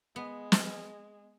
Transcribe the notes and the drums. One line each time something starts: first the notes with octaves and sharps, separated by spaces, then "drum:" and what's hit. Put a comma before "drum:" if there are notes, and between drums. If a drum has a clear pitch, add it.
G#3 B3
drum: snare